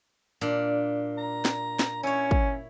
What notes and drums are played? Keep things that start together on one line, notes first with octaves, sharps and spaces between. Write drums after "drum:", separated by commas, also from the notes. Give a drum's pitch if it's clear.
A#2 D4
A#5
drum: snare
drum: snare
C#4 E4 C#5
drum: kick